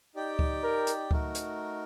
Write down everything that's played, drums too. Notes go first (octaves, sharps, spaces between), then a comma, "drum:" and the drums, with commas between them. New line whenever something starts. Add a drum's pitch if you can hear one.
D#4 G4 D5 G5
drum: kick C#2
A#4
drum: hi-hat
A3 D#4 F#4 A#4, drum: kick C#2
drum: hi-hat